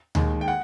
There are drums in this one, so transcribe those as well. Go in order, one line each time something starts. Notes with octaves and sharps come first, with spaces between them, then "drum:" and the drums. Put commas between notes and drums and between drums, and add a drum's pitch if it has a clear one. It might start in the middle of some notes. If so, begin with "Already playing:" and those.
D#2 D#3 G#3, drum: tom D2
G5
F#5